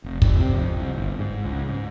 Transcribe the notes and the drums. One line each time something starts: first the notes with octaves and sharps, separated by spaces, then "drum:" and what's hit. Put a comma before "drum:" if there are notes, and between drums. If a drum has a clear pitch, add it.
F1
G1, drum: kick
C3
F2
C2
G1
G#2
C#2
G#2